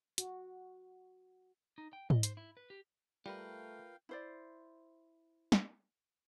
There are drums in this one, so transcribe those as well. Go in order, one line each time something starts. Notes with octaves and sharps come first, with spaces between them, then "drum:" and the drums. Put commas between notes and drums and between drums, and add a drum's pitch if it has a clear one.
F#4, drum: hi-hat
D#4
G5
D#5, drum: tom G#2
C5, drum: hi-hat
E4
B4
G4
G3 A3 F4 A#4 B4 F5 G5
E4 C5 D5
drum: snare